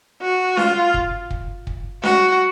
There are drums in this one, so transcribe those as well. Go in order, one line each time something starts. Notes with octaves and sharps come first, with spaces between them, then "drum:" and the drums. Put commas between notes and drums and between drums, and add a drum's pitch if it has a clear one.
F#4
F4, drum: snare C#4
drum: kick
drum: kick
drum: kick
F#4, drum: snare C#4